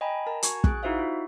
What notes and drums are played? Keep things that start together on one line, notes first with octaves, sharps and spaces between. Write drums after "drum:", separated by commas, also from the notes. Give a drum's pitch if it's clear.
D#5 G5 G#5 A#5 B5
A#4 A5 A#5
F#4 G#5 C#6 G#6, drum: hi-hat
G#4 F#6, drum: kick
D#4 E4 F#4 C5 E5 F5
F4